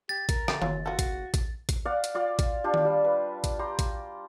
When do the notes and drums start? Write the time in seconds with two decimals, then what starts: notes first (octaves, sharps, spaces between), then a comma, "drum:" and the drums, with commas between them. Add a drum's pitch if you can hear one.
0.09 G4 A6
0.29 A#4, drum: kick A1, hi-hat
0.48 D3 A3 G4, drum: rim click
0.62 F#1 F#3 F4 C#5, drum: tom D#3
0.86 F4 F#4 A4
0.99 drum: kick A1, hi-hat
1.34 drum: kick A1, hi-hat
1.69 drum: kick A1, hi-hat
1.85 D5 F5 F#5
2.04 drum: hi-hat
2.15 F4 D5 F5 G5
2.39 drum: kick A1, hi-hat
2.64 D4 F4 G4
2.74 drum: tom D#3
2.85 G3
3.04 B4
3.44 drum: kick A1, hi-hat
3.59 G4 A#5 C6
3.79 drum: kick A1, hi-hat